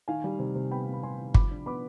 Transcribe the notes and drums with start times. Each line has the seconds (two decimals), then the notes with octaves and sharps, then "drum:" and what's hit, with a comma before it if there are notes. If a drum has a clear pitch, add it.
0.08 D#3 F5 G#5
0.24 G3
0.39 C3
0.55 C3
0.71 B3 G5 B5
0.87 B3
0.93 B5
1.03 C3 G#5 C6
1.20 D#3
1.34 F3 B5 D6, drum: kick
1.51 D4
1.66 B3 B5 D6